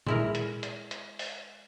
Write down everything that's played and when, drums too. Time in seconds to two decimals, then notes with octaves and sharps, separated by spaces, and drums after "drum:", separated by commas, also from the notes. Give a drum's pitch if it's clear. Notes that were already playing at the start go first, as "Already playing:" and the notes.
0.07 G#3 E4 A#4, drum: tom A#2
0.35 drum: hi-hat
0.63 drum: hi-hat
0.91 drum: hi-hat
1.19 drum: open hi-hat